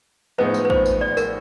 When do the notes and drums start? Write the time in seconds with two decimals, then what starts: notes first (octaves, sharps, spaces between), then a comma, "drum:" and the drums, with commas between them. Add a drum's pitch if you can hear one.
0.38 A2 F3 G#3 B3 D#4 B4
0.54 drum: tambourine
0.65 B4
0.70 C5, drum: kick
0.86 drum: tambourine
1.01 D5
1.17 A#4, drum: tambourine